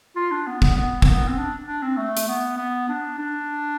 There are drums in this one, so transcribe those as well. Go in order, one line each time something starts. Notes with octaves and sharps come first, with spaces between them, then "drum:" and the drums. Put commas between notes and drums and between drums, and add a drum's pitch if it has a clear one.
F4
D4
B3
B3, drum: kick
B3
C4, drum: kick
B3
C4
D4
D4
C4
A3
drum: hi-hat
B3
B3
D4
D4